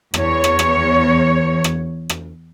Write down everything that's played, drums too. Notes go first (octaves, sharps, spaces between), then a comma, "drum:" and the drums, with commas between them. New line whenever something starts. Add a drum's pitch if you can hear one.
E2 C#5, drum: rim click
drum: rim click
drum: rim click
drum: rim click
drum: rim click